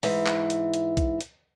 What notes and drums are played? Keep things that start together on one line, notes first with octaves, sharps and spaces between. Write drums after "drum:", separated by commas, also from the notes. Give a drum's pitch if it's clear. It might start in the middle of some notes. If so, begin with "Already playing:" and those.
G#2 E3, drum: open hi-hat
drum: clap
drum: hi-hat
drum: hi-hat
drum: kick B1, hi-hat
drum: hi-hat